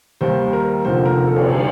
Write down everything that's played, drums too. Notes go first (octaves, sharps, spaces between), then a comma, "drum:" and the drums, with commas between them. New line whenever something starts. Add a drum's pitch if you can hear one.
D#2 D#3 G3 C5
A#4
F1 D#2 D3 F3 C5
A#4
A4
drum: cymbal
D3 G3